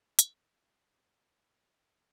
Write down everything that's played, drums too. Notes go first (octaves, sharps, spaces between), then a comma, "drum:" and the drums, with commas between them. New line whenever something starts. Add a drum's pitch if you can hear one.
D#1, drum: hi-hat
G2
F#4
G#5
F5
G#1
A#4